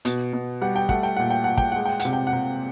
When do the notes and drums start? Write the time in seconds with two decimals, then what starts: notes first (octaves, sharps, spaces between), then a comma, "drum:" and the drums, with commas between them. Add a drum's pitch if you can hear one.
0.05 B2, drum: hi-hat
0.33 B2
0.61 G3 F#5
0.76 G5
0.89 A3 F#5, drum: kick
1.03 G5
1.17 A#2 F#5
1.30 G5
1.44 A#2 F#5
1.57 G5, drum: kick
1.72 G#3 F#5
1.85 G5
1.99 F#5, drum: hi-hat
2.05 C3
2.13 G5
2.27 F#5
2.33 C3